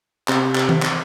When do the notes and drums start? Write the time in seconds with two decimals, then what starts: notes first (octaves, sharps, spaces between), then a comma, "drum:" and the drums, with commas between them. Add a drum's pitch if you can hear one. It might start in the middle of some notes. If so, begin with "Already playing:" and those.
0.28 C3, drum: clap
0.56 drum: clap
0.69 drum: tom D#3
0.82 drum: clap